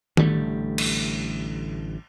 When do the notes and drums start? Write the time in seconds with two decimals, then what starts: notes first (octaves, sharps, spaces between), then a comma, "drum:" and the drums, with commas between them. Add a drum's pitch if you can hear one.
0.17 A1 D3 G3 A3, drum: tom D#3
0.78 drum: cymbal